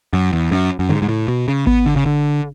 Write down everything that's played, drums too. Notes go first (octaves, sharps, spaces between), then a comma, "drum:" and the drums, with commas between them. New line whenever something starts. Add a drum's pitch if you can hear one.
F#2
E2
F#2
F#2
G#2, drum: tom C#3
G#2
A2
B2
C#3
B3, drum: kick G#1
D3
C#3
D3